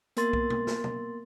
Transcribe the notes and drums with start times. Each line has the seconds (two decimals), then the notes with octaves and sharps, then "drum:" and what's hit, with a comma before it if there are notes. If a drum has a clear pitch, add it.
0.17 A#3 B3 A#4 C6 A6, drum: hi-hat
0.33 drum: kick B1
0.50 drum: tom
0.67 drum: snare
0.84 drum: tom